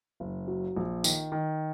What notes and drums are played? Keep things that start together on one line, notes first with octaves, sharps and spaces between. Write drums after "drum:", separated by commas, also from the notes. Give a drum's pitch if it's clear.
F#1
F#3
A#1
D#3, drum: tambourine
D#3